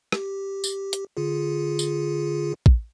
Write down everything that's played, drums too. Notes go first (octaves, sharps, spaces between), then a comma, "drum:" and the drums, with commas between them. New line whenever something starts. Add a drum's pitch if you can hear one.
G4, drum: rim click
drum: tambourine
drum: hi-hat
D3 F4 G#4
drum: tambourine
drum: kick